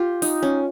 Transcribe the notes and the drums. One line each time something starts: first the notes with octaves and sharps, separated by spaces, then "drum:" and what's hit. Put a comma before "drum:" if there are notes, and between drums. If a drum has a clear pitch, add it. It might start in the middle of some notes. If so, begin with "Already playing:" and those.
Already playing: F4 G4
D#4, drum: open hi-hat
C#4